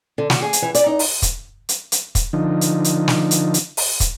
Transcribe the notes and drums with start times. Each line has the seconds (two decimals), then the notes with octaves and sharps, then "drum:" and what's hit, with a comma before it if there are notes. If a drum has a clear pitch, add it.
0.18 D3
0.30 F#4, drum: snare
0.42 G#4
0.53 drum: hi-hat
0.62 E3
0.75 D5, drum: hi-hat
0.86 D#4
0.99 drum: open hi-hat
1.22 drum: kick, hi-hat
1.69 drum: hi-hat
1.92 drum: hi-hat
2.15 drum: kick, hi-hat
2.33 D3 F3 D#4
2.61 drum: hi-hat
2.84 drum: hi-hat
3.08 drum: snare
3.31 drum: hi-hat
3.54 drum: hi-hat
3.77 drum: open hi-hat
4.00 drum: kick, hi-hat